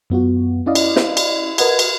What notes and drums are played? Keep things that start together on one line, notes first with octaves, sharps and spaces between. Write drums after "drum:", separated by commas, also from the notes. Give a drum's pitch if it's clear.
F#2 B3 F4 F#4
C#4 E4 D5 D#5 F5
drum: cymbal
drum: snare
drum: cymbal
A#4 B4 D#5 F#5 G#6, drum: cymbal
drum: cymbal